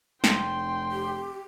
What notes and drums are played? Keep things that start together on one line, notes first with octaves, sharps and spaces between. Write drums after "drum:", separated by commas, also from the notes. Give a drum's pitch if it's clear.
F1 G5 C6, drum: snare
G4